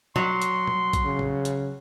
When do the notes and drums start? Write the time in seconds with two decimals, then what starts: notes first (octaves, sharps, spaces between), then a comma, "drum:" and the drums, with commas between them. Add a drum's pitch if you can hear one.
0.16 F#3 C6, drum: tom B2
0.42 drum: hi-hat
0.67 drum: tom B2
0.93 drum: kick, hi-hat
1.05 C#3
1.19 drum: tom
1.45 drum: hi-hat